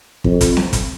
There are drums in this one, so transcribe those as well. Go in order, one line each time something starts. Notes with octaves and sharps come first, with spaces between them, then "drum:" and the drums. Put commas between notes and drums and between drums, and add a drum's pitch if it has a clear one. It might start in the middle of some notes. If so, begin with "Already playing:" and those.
F2, drum: kick
drum: kick, hi-hat
drum: snare C4
drum: kick, hi-hat